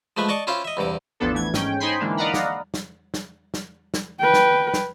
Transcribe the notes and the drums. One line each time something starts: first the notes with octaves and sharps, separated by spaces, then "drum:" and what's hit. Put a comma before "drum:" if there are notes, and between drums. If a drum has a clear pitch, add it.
F3 G#3 A3 B4 E5
D5 D#5 A5 C#6 D6
C#4 E4 F4 C5 F5
D#5 E5
E2 G2 C3 D6
A1 E2 F3 B3 D4 A4
E3 A3 G#6
G#2 C#4 G5, drum: snare
D#4 C5 G5 G#5 B5 C6
D3 E3 G#3 A#3 D4
D5 D#5 F5 F#5 A#5 B5
drum: snare
drum: snare
drum: snare
drum: snare
drum: snare
B4 G5
drum: snare
drum: snare